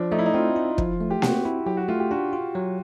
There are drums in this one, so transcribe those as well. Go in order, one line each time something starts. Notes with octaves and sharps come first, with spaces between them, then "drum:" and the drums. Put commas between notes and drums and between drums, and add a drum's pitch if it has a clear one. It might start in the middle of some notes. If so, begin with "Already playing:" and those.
Already playing: F3 D4
A3 D#4
E4
D#4
C4 F4
E4
F3, drum: kick
A3
G4
C4 F#4, drum: snare A#3
E4
F#3 G4
F#4
A3 F4
G4
D4 F#4
F4
F#3